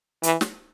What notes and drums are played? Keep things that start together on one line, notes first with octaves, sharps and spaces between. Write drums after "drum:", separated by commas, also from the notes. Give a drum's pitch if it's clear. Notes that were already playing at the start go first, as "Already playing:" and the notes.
E3, drum: hi-hat
drum: snare